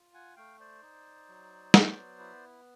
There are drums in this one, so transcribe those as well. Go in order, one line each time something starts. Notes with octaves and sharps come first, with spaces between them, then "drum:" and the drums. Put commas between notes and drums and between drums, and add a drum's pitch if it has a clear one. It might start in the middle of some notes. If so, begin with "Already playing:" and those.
Already playing: F4
F#5 G#5
A3 F5 G5
C5 D5
D#4
F#3
B3, drum: snare
E4